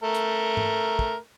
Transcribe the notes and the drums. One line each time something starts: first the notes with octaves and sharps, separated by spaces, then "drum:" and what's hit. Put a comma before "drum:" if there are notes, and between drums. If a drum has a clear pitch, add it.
A3 A#4
drum: hi-hat
drum: tom G#2
drum: kick